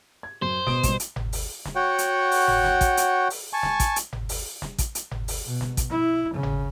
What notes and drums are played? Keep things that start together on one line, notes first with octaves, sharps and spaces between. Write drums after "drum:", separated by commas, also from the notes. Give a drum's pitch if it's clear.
G#6
F#2 C5
B2 D#6 D7, drum: snare
B2 G3, drum: kick, hi-hat
drum: hi-hat
drum: tom G1
drum: open hi-hat
drum: snare
F#4 C#5 F#5 G5
drum: hi-hat
drum: open hi-hat
drum: tom G1
drum: snare
drum: kick, hi-hat
drum: hi-hat
drum: open hi-hat
G#5 A5 C#6
drum: snare
drum: kick, hi-hat
drum: hi-hat
drum: tom G1
drum: open hi-hat
drum: snare
drum: kick, hi-hat
drum: hi-hat
drum: tom G1
drum: open hi-hat
B2
drum: snare
drum: kick, hi-hat
E4
C#3
drum: tom G1